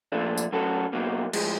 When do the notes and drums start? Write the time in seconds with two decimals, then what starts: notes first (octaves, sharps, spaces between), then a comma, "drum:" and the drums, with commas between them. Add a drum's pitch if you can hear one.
0.12 A#2 F3 A3 D4
0.37 drum: tambourine
0.52 F#3 A3 C#4 F#4 A4
0.93 B2 F#3 A#3 D#4
1.33 A2 F3 G#3, drum: cymbal